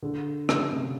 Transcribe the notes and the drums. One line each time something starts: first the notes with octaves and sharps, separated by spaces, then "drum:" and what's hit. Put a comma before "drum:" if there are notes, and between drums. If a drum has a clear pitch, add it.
D3
C#3, drum: rim click
C3